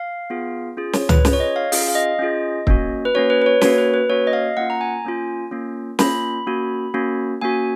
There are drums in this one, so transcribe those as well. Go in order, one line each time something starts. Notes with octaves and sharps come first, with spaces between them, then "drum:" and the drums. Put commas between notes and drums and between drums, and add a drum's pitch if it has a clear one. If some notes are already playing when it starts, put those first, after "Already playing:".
Already playing: F5
B3 F4 G#4
C#4 F4 G#4
C#5, drum: snare
B4, drum: tom C#2
C#4 F4 G#4, drum: snare
C#5
D#5
F5
C#4 F4 G#4 F5, drum: open hi-hat
F5
D#5
C#4 F4 G#4
A#3 C#4 F#4, drum: kick
B4
A#3 C#4 F#4 C#5
B4
B4
C#5
A#3 C#4 F#4 C#5, drum: snare
B4
B4
A#3 C#4 F#4 C#5
D#5
F5
A#3 C#4 F4 F#5
A#5
G#5
A#3 C#4 F4
A#3 C#4 F4
A#3 C#4 F4 B5, drum: snare
A#3 C#4 F#4
A#3 C#4 F#4
A#3 C#4 F#4 G#5